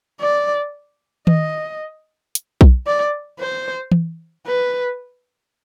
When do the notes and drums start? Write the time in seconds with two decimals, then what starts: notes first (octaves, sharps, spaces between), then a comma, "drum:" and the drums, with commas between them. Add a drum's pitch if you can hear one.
0.20 D5
1.27 D#5, drum: tom D#3
2.35 drum: hi-hat
2.61 drum: kick B1
2.87 D5
3.40 C5
3.92 drum: tom E3
4.46 B4